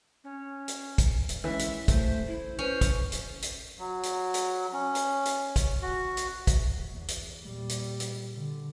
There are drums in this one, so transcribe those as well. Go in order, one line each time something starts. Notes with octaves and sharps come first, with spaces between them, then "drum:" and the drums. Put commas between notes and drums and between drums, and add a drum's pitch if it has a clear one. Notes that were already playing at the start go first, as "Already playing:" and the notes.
C#4
drum: hi-hat
drum: kick, hi-hat
drum: hi-hat
E3 G#3 C#4 E5
drum: hi-hat
A3 A4 C5, drum: kick, hi-hat
E4
C#4 B4 C5
drum: kick, hi-hat
drum: hi-hat
drum: hi-hat
F#3
drum: hi-hat
drum: hi-hat
C#4
drum: hi-hat
drum: hi-hat
drum: kick, hi-hat
F#4
drum: hi-hat
drum: kick, hi-hat
E2
drum: hi-hat
A#2 G3
drum: hi-hat
drum: hi-hat
D3